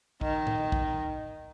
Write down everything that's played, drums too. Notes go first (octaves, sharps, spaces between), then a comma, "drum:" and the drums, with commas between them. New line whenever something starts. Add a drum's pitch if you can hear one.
D#3, drum: kick
drum: tom A2
drum: kick